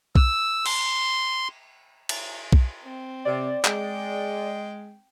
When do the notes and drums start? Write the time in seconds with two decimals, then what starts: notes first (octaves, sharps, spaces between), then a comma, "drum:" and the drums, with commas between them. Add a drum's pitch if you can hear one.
0.15 E6, drum: kick B1
0.66 C6, drum: cymbal
2.09 drum: cymbal
2.53 drum: kick B1
2.83 C4
3.25 C3 D5
3.65 G#3 G5, drum: clap